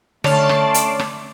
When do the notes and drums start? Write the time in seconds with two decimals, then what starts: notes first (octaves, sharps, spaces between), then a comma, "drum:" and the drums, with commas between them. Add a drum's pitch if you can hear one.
0.24 D3 A3 C#4 C#5 D5 A5 C6 F6, drum: rim click
0.49 drum: rim click
0.74 drum: hi-hat
0.99 drum: rim click